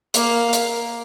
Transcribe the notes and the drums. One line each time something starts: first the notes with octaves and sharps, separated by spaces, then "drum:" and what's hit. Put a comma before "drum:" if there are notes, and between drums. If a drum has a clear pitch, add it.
A#3 F5, drum: hi-hat
drum: hi-hat
A#4